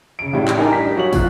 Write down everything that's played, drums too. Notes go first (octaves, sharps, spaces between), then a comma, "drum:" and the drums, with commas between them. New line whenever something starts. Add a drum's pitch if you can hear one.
C#3 D7
A1 A2 G3 G5
drum: clap
D4 D#4 A#4 D5 G5 G#5
B6
F#3 F#4 C#5 F#7
F3 F4 F#6, drum: kick, open hi-hat